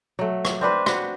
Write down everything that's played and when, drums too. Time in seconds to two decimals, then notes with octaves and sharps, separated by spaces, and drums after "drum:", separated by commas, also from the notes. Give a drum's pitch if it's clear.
0.19 F#3 A3
0.45 drum: rim click
0.61 C4 D4 B4 C5
0.86 F#4, drum: rim click